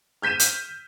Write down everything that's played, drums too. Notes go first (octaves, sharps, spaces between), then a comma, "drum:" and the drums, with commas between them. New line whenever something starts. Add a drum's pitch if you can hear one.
F6 G6 B6 D#7 E7
drum: hi-hat